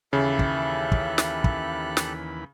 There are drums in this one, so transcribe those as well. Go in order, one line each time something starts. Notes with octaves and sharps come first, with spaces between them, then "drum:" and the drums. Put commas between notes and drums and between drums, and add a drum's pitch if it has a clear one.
D#2 C#3 E3 G4 A4 E5 B5 F#6
drum: kick
drum: kick
drum: snare
drum: kick
drum: snare